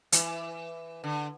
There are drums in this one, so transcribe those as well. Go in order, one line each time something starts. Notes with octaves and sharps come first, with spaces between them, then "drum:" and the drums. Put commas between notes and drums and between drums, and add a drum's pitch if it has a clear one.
E3, drum: hi-hat
D3